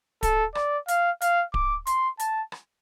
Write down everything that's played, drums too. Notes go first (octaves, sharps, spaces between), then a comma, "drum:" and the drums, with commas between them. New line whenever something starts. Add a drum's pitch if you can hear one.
A4, drum: kick D1, hi-hat
D5, drum: rim click
F5, drum: hi-hat
F5, drum: hi-hat
D6, drum: kick D1
C6, drum: hi-hat
A5, drum: hi-hat
drum: rim click